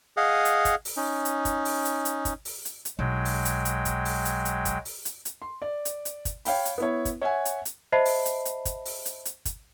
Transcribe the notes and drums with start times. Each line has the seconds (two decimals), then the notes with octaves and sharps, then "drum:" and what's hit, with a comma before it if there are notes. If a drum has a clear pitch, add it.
0.17 G#4 D#5 F5 F#5
0.45 drum: hi-hat
0.65 drum: kick, hi-hat
0.85 drum: open hi-hat
0.97 C#4 D#4
1.25 drum: hi-hat
1.45 drum: kick, hi-hat
1.65 drum: open hi-hat
1.85 drum: hi-hat
2.05 drum: hi-hat
2.25 drum: kick, hi-hat
2.45 drum: open hi-hat
2.65 drum: hi-hat
2.85 drum: hi-hat
2.99 B1 F#3 G#3 G5
3.25 drum: open hi-hat
3.45 drum: hi-hat
3.65 drum: hi-hat
3.85 drum: kick, hi-hat
4.05 drum: open hi-hat
4.25 drum: hi-hat
4.45 drum: hi-hat
4.65 drum: kick, hi-hat
4.85 drum: open hi-hat
5.05 drum: hi-hat
5.25 drum: hi-hat
5.42 C6
5.62 D5
5.85 drum: hi-hat
6.05 drum: hi-hat
6.25 drum: kick, hi-hat
6.45 C#5 F5 G5 B5, drum: open hi-hat
6.65 drum: hi-hat
6.78 B3 E4 C#5
7.05 drum: kick, hi-hat
7.22 C#5 E5 F#5 G#5
7.45 drum: hi-hat
7.65 drum: hi-hat
7.92 C5 D#5 E5 A5 B5 C7
8.05 drum: open hi-hat
8.25 drum: hi-hat
8.45 drum: hi-hat
8.65 drum: kick, hi-hat
8.85 drum: open hi-hat
9.05 drum: hi-hat
9.25 drum: hi-hat
9.45 drum: kick, hi-hat